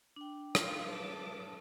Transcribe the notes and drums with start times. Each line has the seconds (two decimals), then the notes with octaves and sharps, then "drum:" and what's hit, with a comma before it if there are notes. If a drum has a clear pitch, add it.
0.16 D4 G5
0.55 D#4 F4 B4, drum: rim click
0.87 B4 A5 D6